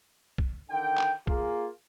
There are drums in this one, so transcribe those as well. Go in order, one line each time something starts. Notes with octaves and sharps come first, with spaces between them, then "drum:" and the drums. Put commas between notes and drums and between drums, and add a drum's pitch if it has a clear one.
drum: kick B1
D3 D#3 G5
drum: clap
A#3 F4 G#4, drum: kick B1